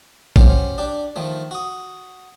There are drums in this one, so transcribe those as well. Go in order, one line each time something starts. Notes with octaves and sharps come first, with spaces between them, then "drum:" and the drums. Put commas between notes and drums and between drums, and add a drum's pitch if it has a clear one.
C#4 F#4 G4 C5, drum: kick
D4 G4
D#3 F3 A3
F#4 D#6